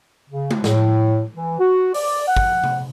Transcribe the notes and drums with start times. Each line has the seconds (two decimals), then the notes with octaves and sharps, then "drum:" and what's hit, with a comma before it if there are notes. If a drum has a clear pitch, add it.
0.30 C#3
0.51 drum: tom G#3
0.64 A2, drum: snare
1.35 E3
1.58 F#4
1.94 D5, drum: open hi-hat
2.27 F#5
2.37 drum: kick
2.64 drum: tom C3